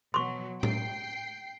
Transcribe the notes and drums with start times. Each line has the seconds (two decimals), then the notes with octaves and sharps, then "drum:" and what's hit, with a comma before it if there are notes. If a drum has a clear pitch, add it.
0.14 B2 F#3 C6 C#6
0.63 G5 C7, drum: tom A2